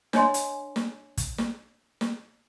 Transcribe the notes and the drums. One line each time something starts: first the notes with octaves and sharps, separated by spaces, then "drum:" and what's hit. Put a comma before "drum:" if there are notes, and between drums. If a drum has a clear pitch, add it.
D4 C#5 D#5 G#5 C6, drum: snare
drum: hi-hat
drum: snare
drum: kick, hi-hat
drum: snare
drum: snare